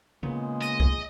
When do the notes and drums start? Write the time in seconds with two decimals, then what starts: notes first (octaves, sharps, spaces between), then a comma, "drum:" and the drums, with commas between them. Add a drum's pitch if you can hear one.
0.23 A#2 C#3 G#3 B3
0.62 D#5, drum: hi-hat
0.80 drum: kick